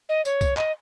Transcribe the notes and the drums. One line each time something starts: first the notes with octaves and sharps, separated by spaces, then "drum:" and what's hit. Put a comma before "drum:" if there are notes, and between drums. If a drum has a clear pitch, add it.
D#5
C#5, drum: tambourine
drum: kick, tambourine
D#5, drum: clap